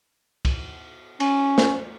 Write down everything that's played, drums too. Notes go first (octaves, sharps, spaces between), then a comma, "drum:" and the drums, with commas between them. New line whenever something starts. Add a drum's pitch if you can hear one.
drum: kick, cymbal
C#4, drum: cymbal
drum: snare